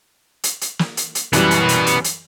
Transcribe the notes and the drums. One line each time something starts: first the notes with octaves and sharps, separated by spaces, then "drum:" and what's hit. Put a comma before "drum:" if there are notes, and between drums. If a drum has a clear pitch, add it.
drum: hi-hat
drum: hi-hat
drum: snare
drum: hi-hat
drum: hi-hat
F#2 E3 G3 B3 F#4, drum: hi-hat
drum: hi-hat
drum: hi-hat
drum: hi-hat
drum: hi-hat